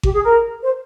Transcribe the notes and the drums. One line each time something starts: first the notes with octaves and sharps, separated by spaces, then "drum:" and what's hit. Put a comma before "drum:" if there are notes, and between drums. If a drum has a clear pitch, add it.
G4, drum: kick G#1
G#4
A#4
C5